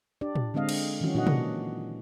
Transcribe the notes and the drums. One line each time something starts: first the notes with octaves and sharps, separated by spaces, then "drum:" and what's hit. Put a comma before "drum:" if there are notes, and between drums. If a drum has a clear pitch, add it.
D4 G4 D5
drum: tom A2
D3 G#3 C4 D#5 F5
drum: cymbal
D#3 E3 F#3 C#4 F#4
A#2 D4 F#4 D#5 F#5
drum: tom